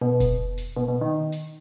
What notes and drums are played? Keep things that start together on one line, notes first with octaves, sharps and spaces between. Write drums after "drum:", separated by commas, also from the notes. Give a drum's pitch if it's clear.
B2
drum: kick F1, hi-hat
drum: hi-hat
B2
B2
D#3
drum: hi-hat